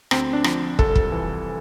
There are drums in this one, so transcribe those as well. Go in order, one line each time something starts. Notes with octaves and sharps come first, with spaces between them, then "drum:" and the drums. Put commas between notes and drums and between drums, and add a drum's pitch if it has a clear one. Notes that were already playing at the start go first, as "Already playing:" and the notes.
D2 C4, drum: rim click
D4
F3, drum: rim click
C2 A4, drum: kick
drum: kick
E3